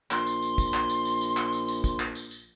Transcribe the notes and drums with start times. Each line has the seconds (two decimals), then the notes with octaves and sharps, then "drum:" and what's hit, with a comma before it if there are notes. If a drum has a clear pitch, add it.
0.11 A#1 C6, drum: clap
0.27 drum: tambourine
0.42 drum: tambourine
0.58 drum: kick, tambourine
0.74 drum: clap
0.90 drum: tambourine
1.05 drum: tambourine
1.21 drum: tambourine
1.37 drum: clap
1.52 drum: tambourine
1.68 drum: tambourine
1.84 drum: kick, tambourine
2.00 drum: clap
2.15 drum: tambourine
2.31 drum: tambourine